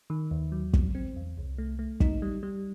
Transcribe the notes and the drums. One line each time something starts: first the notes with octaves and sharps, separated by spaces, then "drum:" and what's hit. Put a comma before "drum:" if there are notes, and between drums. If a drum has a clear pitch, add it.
D#3
D#2
F#3
E2, drum: kick
C4
E2
C2
A3
A3
D#4, drum: kick
G3
G3